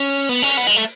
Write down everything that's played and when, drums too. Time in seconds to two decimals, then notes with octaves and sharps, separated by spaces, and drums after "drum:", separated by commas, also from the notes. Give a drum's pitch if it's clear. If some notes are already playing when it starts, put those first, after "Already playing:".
Already playing: C#4
0.29 B3
0.42 C#4, drum: open hi-hat
0.57 B3
0.67 G#3, drum: hi-hat
0.76 A3